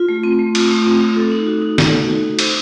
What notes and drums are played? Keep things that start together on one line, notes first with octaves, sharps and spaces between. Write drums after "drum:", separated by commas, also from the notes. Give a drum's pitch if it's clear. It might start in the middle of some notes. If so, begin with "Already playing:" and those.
Already playing: F4
A3
C4
A3
F4, drum: cymbal
A3
C4
A3
A4
D#4
F#4
D#4
A4, drum: snare
D#4
F#4
D#4
C5, drum: cymbal